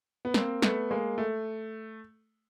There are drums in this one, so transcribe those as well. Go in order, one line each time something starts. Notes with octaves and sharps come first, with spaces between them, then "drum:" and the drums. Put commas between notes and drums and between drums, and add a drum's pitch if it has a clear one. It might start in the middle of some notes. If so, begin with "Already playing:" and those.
B3
A#3 C4, drum: snare
A3 B3, drum: snare
G#3 A#3
A3